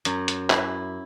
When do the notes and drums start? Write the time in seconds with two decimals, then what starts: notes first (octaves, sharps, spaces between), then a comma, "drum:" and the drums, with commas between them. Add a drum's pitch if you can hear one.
0.05 F#2, drum: hi-hat
0.28 drum: hi-hat
0.50 E4, drum: clap